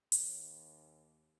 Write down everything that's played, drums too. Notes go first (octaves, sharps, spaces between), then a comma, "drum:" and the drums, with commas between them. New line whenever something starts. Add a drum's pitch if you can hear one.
D#2, drum: hi-hat